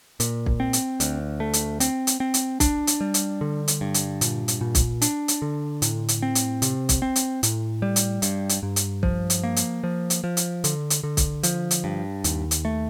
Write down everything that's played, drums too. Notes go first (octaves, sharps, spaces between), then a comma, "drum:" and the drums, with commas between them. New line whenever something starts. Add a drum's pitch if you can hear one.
A#2, drum: hi-hat
drum: kick
C4
drum: hi-hat
D2, drum: hi-hat
A3
drum: hi-hat
C4, drum: hi-hat
drum: hi-hat
C4
drum: hi-hat
D4, drum: kick, hi-hat
drum: hi-hat
G3
drum: hi-hat
D3
drum: hi-hat
G2
drum: hi-hat
A#2, drum: hi-hat
drum: hi-hat
A#2
drum: kick, hi-hat
D4, drum: hi-hat
drum: hi-hat
D3
A2, drum: hi-hat
drum: hi-hat
C4
drum: hi-hat
C3, drum: hi-hat
drum: kick, hi-hat
C4
drum: hi-hat
A2, drum: hi-hat
G3
drum: hi-hat
G2, drum: hi-hat
drum: hi-hat
G2
drum: hi-hat
F3, drum: kick
drum: hi-hat
A#3
drum: hi-hat
F3
drum: hi-hat
F3
drum: hi-hat
D3, drum: hi-hat
drum: hi-hat
D3
drum: kick, hi-hat
F3, drum: hi-hat
drum: hi-hat
G2
D#2, drum: hi-hat
drum: hi-hat
A3